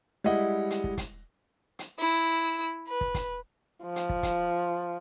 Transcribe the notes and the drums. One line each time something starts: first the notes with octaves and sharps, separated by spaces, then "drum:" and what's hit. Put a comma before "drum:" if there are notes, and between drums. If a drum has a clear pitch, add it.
G3 G#3 E4 D#5 F#5
drum: hi-hat
drum: kick
drum: kick, hi-hat
drum: hi-hat
E4 E6
B4
drum: kick
drum: kick, hi-hat
F3
drum: hi-hat
drum: kick
drum: kick, hi-hat